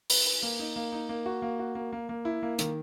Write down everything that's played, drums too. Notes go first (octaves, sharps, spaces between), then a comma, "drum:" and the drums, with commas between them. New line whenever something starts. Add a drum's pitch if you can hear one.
B4, drum: open hi-hat
B4
A#3
D#4
A#3
D#4
A#3
F#4
A#3
F#4
A#3
A#3
A#3
E4
A#3
D#3, drum: hi-hat